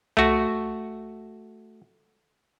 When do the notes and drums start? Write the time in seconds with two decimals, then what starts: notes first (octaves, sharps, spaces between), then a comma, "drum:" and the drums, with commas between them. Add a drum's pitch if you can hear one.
0.17 A3 F#4, drum: tom C2